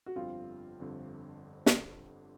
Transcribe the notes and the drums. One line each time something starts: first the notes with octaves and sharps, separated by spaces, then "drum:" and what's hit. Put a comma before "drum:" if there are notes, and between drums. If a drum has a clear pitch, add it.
F#4
G1 F2 D3 G3 C4 F4
G1 F2 D3 G3 C4
drum: snare